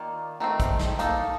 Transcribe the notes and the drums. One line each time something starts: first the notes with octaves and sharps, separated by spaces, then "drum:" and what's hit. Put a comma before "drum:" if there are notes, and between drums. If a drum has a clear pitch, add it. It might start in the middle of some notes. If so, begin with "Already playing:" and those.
Already playing: D#3 A#3 F4 D5
D#3 A3 C4
drum: kick, hi-hat
drum: snare
A#3 D#4 A4, drum: hi-hat